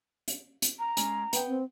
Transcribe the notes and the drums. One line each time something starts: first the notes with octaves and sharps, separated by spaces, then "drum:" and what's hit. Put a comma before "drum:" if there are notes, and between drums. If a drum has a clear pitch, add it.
drum: hi-hat
drum: hi-hat
A#5
G#3 C#4, drum: hi-hat
B3 G5, drum: hi-hat
C4